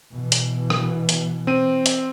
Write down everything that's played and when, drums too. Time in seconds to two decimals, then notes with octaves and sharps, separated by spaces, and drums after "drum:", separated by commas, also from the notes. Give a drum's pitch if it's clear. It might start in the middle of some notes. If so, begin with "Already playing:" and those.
0.12 B2 E3
0.32 drum: hi-hat
0.70 drum: rim click
1.09 drum: hi-hat
1.47 C4 D#7
1.86 drum: hi-hat